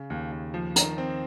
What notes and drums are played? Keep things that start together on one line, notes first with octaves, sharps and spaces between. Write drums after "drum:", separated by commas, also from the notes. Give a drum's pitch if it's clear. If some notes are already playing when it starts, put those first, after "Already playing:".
Already playing: C#3
D#2
D#2
F3
D#3 A#5, drum: hi-hat
C4